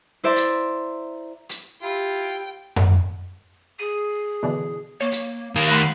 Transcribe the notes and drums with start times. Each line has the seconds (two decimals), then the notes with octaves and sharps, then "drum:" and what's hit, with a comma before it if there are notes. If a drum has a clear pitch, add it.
0.23 E4 C5 D5 E5 A#5 C6
0.36 drum: hi-hat
1.49 drum: hi-hat
1.82 E4 F4 G4 G5
2.76 drum: tom F#2
3.79 G#4 D#7
4.43 B2 D3 E3
5.01 A#3 C#5
5.12 drum: hi-hat
5.55 D#3 A#3 F5
5.69 A3 F#5 B5 C6